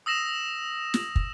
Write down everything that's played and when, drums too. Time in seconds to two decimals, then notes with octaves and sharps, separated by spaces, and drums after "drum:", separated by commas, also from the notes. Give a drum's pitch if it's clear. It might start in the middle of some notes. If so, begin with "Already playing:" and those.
0.06 D#6 E6 A#6 E7
0.94 drum: snare
1.16 drum: kick